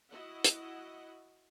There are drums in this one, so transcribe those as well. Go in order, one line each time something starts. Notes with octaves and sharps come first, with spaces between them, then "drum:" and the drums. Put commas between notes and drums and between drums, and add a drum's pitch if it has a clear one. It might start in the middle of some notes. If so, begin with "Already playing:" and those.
E4 F#4 D#5 F#5
drum: hi-hat